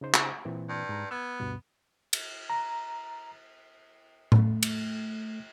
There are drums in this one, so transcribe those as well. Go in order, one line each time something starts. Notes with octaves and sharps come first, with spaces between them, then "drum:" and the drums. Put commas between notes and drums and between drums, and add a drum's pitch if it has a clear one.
C#3 D#4 C5
drum: clap
A#2 E3 C4
G2
G#2 A#5
B3 E6 G#6
D2 G2 B2
drum: cymbal
A#5
A3, drum: tom A2
drum: cymbal